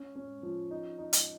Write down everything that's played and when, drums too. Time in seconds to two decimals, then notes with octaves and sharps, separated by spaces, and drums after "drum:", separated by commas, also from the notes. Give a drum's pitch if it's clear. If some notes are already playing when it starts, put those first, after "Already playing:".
Already playing: C#4
0.16 C#4
0.43 F3
0.71 D#4
0.99 D#4
1.13 drum: hi-hat